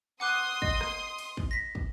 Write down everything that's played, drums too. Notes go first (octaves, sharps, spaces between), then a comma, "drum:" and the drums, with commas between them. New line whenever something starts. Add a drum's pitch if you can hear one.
F#5 C6 D6 D#6 F#6
D#5, drum: kick
drum: rim click
drum: cymbal
drum: kick
A#6 B6
drum: kick